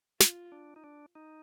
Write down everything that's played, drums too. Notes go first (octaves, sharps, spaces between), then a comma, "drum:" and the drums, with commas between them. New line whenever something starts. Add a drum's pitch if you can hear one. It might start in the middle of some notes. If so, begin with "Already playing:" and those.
F4, drum: snare
D4
D#4
D4
D#4